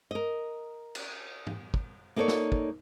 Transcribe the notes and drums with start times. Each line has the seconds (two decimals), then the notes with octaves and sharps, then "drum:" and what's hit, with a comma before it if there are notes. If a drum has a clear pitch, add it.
0.11 A#4 D#5
0.95 drum: cymbal
1.47 drum: tom
1.74 drum: kick
2.16 A#3 D#4 A4 A#4 C#5 D5
2.28 drum: snare
2.52 drum: kick